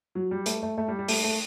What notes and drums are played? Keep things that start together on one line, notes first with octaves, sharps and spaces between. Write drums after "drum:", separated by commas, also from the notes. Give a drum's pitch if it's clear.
F#3
G3
A3, drum: hi-hat
A3
A3
G3
G3
A3, drum: open hi-hat
A3